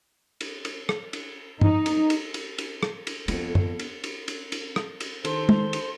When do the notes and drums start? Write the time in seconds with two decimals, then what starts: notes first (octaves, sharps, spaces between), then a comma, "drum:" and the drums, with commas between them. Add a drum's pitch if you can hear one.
0.41 drum: cymbal
0.65 drum: cymbal
0.89 drum: rim click
1.13 drum: cymbal
1.61 D#4, drum: tom
1.86 drum: cymbal
2.10 drum: cymbal
2.34 drum: cymbal
2.58 drum: cymbal
2.83 drum: rim click
3.07 drum: cymbal
3.28 F2 B3 A4, drum: cymbal
3.55 drum: tom F#2
3.79 drum: cymbal
4.04 drum: cymbal
4.28 drum: cymbal
4.52 drum: cymbal
4.76 drum: rim click
5.00 drum: cymbal
5.25 D#3 A4 C5 C6, drum: cymbal
5.49 drum: tom
5.73 drum: cymbal